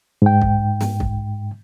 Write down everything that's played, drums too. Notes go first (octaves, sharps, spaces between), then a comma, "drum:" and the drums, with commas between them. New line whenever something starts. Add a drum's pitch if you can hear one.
G#2 G5
drum: kick
drum: snare
drum: kick